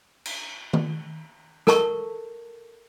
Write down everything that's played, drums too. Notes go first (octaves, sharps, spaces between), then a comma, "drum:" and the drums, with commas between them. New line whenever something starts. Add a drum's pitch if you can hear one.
drum: cymbal
drum: tom D#3
A4 A#4 A5 C#6, drum: snare